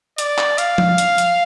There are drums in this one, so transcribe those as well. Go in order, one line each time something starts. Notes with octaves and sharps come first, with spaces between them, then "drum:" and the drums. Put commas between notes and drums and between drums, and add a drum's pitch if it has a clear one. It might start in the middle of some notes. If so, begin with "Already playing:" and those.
D5, drum: hi-hat
drum: clap
F5, drum: hi-hat
drum: tom F3
drum: hi-hat
drum: hi-hat